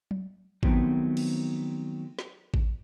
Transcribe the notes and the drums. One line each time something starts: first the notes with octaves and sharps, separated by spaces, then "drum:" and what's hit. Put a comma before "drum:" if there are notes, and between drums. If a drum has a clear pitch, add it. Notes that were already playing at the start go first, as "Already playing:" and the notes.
drum: tom F#3
D#3 F3 F#3 A3 B3 C4, drum: kick G#1
drum: cymbal
drum: snare
drum: kick G#1